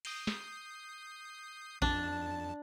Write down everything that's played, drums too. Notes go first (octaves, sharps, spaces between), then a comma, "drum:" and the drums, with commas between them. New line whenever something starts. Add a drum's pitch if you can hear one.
D#6 G6 C7, drum: cymbal
drum: snare
F2 D4 A5, drum: kick A1